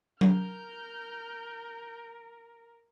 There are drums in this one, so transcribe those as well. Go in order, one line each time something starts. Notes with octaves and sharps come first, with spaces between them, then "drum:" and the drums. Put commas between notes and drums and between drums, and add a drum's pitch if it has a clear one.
A#4 F6 G6, drum: tom F#3